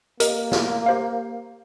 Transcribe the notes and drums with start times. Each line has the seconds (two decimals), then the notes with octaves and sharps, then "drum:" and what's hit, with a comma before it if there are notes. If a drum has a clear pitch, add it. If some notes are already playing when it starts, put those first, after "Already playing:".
0.20 A#3 G4 A#4 D#5, drum: hi-hat
0.52 drum: snare
0.86 G4 C5 F5